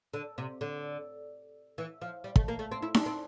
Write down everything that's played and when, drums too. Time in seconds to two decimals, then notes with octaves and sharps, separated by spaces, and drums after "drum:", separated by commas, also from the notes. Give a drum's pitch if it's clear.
0.13 D3
0.38 C3
0.61 D3
1.78 E3
2.01 F3
2.24 G3
2.36 A3, drum: kick
2.48 A#3
2.59 A3
2.72 C4
2.82 E4
2.94 D4, drum: snare D#4
3.06 C4